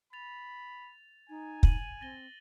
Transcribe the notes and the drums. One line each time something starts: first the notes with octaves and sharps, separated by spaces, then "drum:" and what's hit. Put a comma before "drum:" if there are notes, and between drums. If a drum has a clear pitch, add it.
B5 A6 F7
D#4 G#5
D#7 F#7, drum: kick
C4 A6 A#6 G7